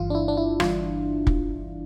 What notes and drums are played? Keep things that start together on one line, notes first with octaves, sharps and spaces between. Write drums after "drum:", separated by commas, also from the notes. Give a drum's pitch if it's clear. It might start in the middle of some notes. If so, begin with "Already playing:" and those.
Already playing: G1 G2 E3 F4
D4
E4
D4
E4
G1 G2 E3 F4, drum: rim click
drum: kick